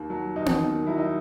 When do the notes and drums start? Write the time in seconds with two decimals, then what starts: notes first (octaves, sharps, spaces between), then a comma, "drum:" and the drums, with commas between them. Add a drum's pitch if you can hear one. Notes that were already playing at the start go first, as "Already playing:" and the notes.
Already playing: D#2
0.10 F#3
0.36 D#2 D#4
0.46 drum: tom B3
0.61 D#3
0.87 F#3 E4
0.98 D#4